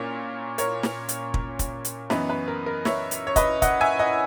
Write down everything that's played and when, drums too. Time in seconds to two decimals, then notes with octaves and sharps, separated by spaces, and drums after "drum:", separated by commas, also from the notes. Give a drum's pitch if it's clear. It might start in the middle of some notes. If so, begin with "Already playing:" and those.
Already playing: A#2 C#4 A#4 C#5
0.58 A#4 C#5, drum: hi-hat
0.83 drum: snare
1.09 drum: hi-hat
1.34 drum: kick
1.59 drum: kick, hi-hat
1.85 drum: hi-hat
2.10 F#2 E3 B3 D#4 B4, drum: snare
2.29 B4
2.48 A#4
2.66 A#4
2.85 C#5 E5, drum: snare
3.11 drum: hi-hat
3.27 C#5
3.36 B4 D#5, drum: kick, hi-hat
3.62 D#5 F#5, drum: kick, hi-hat
3.81 E5 G#5
3.99 D#5 F#5